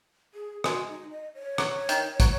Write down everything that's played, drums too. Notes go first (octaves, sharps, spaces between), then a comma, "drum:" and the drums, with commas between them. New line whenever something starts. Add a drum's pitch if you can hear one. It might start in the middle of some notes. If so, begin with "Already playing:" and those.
G#4
G#3 F#4, drum: rim click
D#4
D#5
C#5
F#3, drum: rim click
D#3, drum: hi-hat
F#3, drum: kick, hi-hat